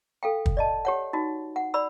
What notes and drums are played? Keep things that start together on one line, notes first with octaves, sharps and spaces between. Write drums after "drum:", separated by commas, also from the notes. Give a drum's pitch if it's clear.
A4 F5 G5
drum: kick
D5 D#5 A5
G4 C#5 F#5
D#4 F#4
F#5
D5 B5 E6